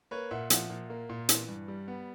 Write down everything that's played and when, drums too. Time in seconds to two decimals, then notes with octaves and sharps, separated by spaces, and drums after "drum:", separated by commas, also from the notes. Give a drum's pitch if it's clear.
0.11 A#3 B4 C#5
0.31 A#2 E5 F#5
0.50 F3 E5 F#5, drum: hi-hat
0.70 A#2
0.90 A#3
1.09 A#2
1.29 E3, drum: hi-hat
1.49 G2
1.68 G3
1.88 B3